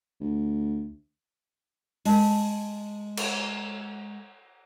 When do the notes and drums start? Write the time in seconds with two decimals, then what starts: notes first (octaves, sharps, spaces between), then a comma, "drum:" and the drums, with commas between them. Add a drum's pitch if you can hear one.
0.20 D2
2.05 G#3 A5, drum: open hi-hat
3.17 drum: cymbal